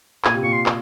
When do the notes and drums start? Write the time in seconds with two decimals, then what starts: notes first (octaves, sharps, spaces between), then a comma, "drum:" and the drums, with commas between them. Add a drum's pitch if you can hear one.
0.25 A#2 G#5, drum: clap
0.34 C3
0.43 A#2 C#6
0.52 C6
0.66 drum: clap